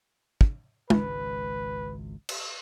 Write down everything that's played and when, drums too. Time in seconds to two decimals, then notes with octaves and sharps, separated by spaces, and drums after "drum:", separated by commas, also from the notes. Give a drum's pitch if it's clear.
0.41 drum: kick
0.90 G#1 C#2 B4, drum: tom
2.29 drum: cymbal